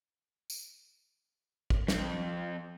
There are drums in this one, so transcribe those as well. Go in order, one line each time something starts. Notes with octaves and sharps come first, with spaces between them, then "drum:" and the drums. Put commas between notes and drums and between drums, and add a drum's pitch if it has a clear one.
drum: tambourine
drum: kick
F2 C4, drum: snare